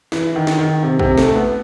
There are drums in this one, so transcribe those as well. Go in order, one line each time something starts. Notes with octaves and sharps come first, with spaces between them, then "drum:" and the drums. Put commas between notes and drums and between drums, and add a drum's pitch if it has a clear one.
E3, drum: snare
D#3
drum: snare
D#3
C3
C3, drum: kick
A3, drum: snare
B3